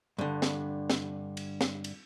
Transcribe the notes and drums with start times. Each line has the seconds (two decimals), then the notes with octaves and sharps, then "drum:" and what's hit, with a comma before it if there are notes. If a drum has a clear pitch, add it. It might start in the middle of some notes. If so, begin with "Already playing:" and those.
0.18 G2 D3
0.42 drum: snare
0.90 drum: snare
1.37 drum: cymbal
1.61 drum: snare
1.84 drum: cymbal